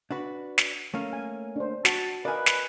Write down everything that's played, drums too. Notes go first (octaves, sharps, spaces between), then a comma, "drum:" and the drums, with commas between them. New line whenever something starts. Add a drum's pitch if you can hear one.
D4 F#4 B4
drum: snare
A3 A#3 C#4
G#5
D4 C5
F#4 A5, drum: snare
A#4 B4 D5 D#5 F5 G#5
drum: snare